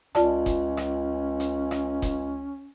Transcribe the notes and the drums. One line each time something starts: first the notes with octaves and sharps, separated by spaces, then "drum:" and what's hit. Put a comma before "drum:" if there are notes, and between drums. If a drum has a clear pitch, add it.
C#2 C#4 F4 D5 A5, drum: rim click
drum: kick F1, hi-hat
drum: rim click
drum: hi-hat
drum: rim click
drum: kick F1, hi-hat